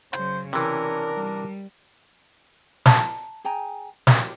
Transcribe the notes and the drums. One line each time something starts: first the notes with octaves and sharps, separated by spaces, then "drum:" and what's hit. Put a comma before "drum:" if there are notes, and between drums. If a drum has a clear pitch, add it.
C#3 F#3 C5, drum: hi-hat
C3 E3 C#4 D4 A#4
G3
A5 A#5, drum: snare
G#4 G5 G#5 A#5
F#4 G4 A#4 C#5, drum: snare